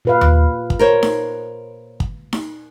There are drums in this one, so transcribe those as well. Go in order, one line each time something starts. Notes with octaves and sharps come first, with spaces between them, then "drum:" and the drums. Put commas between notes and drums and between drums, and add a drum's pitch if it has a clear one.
A#2 B4 F5
drum: tom D#2
drum: kick
A#4 C5 C#5
drum: snare D#4
drum: kick
drum: snare D#4